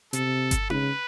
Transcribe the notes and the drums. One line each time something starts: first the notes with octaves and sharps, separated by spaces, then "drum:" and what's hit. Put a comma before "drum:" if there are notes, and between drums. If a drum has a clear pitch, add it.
C3 A4, drum: hi-hat
drum: kick G1, hi-hat
C#3 B4, drum: tom D#4